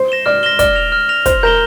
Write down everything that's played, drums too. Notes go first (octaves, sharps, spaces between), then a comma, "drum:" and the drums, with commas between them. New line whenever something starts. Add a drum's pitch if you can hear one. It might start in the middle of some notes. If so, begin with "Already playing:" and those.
Already playing: C5
A#6 E7 G7
D5 F6
A#6 E7 G7
D5 F6, drum: kick, hi-hat
A#6 F7
F6
A#6 F7
C5 C6, drum: kick, hi-hat
A#4 G6 A#6 E7 G7